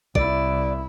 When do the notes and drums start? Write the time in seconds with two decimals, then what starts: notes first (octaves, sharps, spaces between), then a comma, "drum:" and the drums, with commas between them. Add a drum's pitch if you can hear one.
0.15 C2 E4 D5, drum: kick